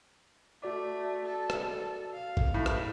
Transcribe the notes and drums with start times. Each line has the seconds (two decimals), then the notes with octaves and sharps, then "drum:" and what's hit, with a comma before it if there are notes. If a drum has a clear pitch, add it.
0.63 A3 F#4 D5 D6
1.25 A4
1.50 drum: rim click
2.13 F5
2.37 drum: kick A1
2.54 A2
2.66 drum: rim click